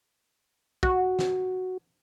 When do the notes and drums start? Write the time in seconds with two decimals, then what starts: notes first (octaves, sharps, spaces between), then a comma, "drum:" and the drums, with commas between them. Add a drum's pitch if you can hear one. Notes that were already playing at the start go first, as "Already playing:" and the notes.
0.83 F#4, drum: kick
1.19 drum: snare